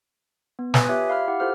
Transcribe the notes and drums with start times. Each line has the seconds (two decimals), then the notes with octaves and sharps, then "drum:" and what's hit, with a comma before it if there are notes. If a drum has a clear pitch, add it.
0.59 B3
0.74 B4 G#5 D#6 F#6, drum: snare
0.89 F4 G4 C#5 E5
1.09 F5 B5 F6
1.28 E4 G4 F#5
1.40 F4 G4 A4 C5 F6